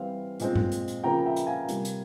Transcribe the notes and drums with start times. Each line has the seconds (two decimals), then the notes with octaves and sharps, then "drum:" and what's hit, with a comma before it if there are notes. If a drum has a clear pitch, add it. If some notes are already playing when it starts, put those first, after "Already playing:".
Already playing: E3 G3 C4 F5
0.40 A#2 G#3 C4, drum: hi-hat
0.55 drum: tom G2
0.72 drum: hi-hat
0.88 drum: hi-hat
1.04 C#3 F3 A#3 G5 A#5
1.26 E5 G5
1.36 drum: hi-hat
1.47 F5 G#5
1.69 C3 G3 A#3, drum: hi-hat
1.85 drum: hi-hat